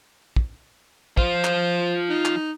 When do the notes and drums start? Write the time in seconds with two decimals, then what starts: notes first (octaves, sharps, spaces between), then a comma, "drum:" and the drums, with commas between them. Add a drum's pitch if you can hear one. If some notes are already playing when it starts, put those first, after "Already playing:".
0.36 drum: kick
1.17 F3 F4 C5, drum: kick
1.44 drum: clap
2.09 D#4
2.25 drum: clap